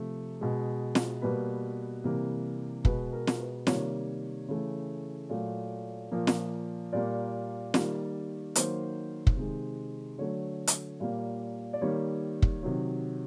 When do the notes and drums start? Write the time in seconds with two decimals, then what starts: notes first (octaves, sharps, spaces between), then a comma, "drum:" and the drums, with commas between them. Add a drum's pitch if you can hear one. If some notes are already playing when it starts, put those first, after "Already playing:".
Already playing: C3 F3 A3
0.41 B2 G#3
0.95 drum: snare
1.22 B2 G3 A#3 B4
2.04 C3 E3 G3 A#3
2.85 B2 G#3 B4, drum: kick
3.13 A#4
3.27 drum: snare
3.40 B4
3.67 C3 D#3 G3 A#3 C#5, drum: snare
4.48 C#3 E3 A3
5.29 A#2 F#3 A3
6.11 A#2 F3 A#3
6.27 drum: snare
6.93 A#2 G3 A#3 D5
7.74 D#3 G3 A#3, drum: snare
8.55 D#3 F#3 A#3 C5, drum: hi-hat
9.27 drum: kick
9.36 C3 D#3 G#3
10.18 D3 F#3 A3 C#5
10.67 drum: hi-hat
11.00 A#2 G3 A#3
11.73 D5
11.81 D#3 G3 A#3 C#5
12.42 drum: kick
12.63 C3 D#3 F#3